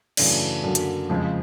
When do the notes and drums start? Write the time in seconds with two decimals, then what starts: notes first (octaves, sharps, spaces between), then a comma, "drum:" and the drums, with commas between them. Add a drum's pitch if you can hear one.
0.17 F#2 C#3 E3 A3 D4, drum: cymbal
0.63 F#2 D3 F#3 A#3
0.75 drum: hi-hat
1.09 F2 C#3 F3 G#3 C4